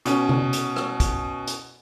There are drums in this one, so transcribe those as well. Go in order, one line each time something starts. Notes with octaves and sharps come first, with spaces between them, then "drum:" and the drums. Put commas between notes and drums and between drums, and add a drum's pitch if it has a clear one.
B2 C#4, drum: hi-hat
drum: tom C3
drum: hi-hat
drum: rim click
drum: kick, hi-hat
drum: hi-hat